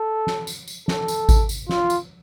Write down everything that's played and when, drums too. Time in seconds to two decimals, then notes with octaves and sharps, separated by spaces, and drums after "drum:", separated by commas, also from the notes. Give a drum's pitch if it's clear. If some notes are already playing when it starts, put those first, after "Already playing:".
Already playing: A4
0.27 drum: snare
0.47 drum: tambourine
0.68 drum: tambourine
0.88 A4, drum: snare
1.08 drum: tambourine
1.29 drum: kick G#1, tambourine
1.49 drum: tambourine
1.69 F4, drum: snare
1.90 drum: tambourine